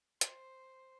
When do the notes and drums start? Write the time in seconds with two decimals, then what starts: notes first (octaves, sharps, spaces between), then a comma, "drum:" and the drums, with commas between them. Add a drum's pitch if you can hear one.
0.21 C5, drum: hi-hat